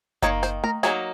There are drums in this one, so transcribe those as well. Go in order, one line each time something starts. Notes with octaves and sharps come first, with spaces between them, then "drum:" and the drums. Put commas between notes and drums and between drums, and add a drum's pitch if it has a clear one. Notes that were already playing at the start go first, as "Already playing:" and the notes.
D#3 A#3 D#4 C#5, drum: kick F#1, hi-hat
C5, drum: snare
A#4, drum: tom A3
F#3 A#3 D#4 G#4, drum: snare